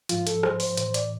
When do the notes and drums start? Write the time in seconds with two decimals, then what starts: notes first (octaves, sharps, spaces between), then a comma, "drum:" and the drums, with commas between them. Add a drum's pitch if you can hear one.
0.09 G#2 F3 F4, drum: hi-hat
0.27 A4, drum: hi-hat
0.43 C5, drum: rim click
0.60 C5, drum: open hi-hat
0.77 A2 E3 C5, drum: hi-hat
0.94 D5, drum: hi-hat